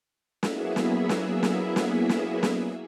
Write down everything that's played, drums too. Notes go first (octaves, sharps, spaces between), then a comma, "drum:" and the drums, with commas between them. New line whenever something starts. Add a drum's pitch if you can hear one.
F#3 A#3 B3 E4 G#4 E5, drum: snare
drum: snare
drum: snare
drum: snare
drum: snare
drum: snare
drum: snare